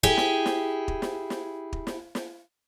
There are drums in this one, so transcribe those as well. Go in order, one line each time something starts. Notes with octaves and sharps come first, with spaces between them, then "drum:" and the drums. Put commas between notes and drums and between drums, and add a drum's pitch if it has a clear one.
E4 G4 G#4, drum: kick
drum: snare
drum: snare
drum: kick
drum: snare
drum: snare
drum: kick
drum: snare
drum: snare